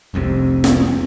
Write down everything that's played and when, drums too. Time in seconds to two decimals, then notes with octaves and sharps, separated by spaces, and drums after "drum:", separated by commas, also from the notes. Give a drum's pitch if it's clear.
0.14 F1 C2 F2 C3
0.64 drum: snare